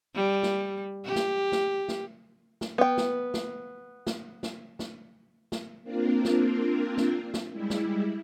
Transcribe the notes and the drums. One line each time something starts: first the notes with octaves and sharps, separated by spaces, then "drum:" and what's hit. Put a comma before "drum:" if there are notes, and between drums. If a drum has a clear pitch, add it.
G3
drum: snare
G4
drum: snare
drum: snare
drum: snare
drum: snare
B3 G5
drum: snare
drum: snare
drum: snare
drum: snare
drum: snare
drum: snare
A#3 C4 D4 F4 A#4
drum: snare
drum: snare
drum: snare
G3 G#3 E4
drum: snare